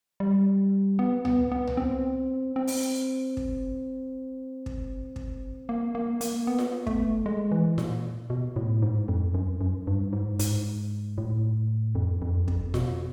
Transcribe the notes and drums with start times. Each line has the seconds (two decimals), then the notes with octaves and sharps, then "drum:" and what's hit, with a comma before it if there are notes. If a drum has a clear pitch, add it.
0.20 G3
0.99 B3
1.25 B3, drum: tom C2
1.52 B3
1.67 drum: tom C2
1.77 C4
2.56 C4
2.67 drum: open hi-hat
3.37 drum: kick
4.66 drum: kick
5.16 drum: kick
5.69 A#3
5.95 A#3
6.21 A#3, drum: hi-hat
6.47 B3
6.59 drum: snare F4
6.87 A3, drum: kick
7.26 G#3
7.52 E3
7.78 A#2, drum: snare F4
8.30 B2
8.56 A2
8.82 G#2
9.08 F2
9.34 F#2
9.61 F#2
9.87 G2
10.13 G#2
10.39 G#2, drum: hi-hat
11.18 A2
11.95 F2
12.22 F2
12.48 F2, drum: kick
12.74 B2, drum: snare F4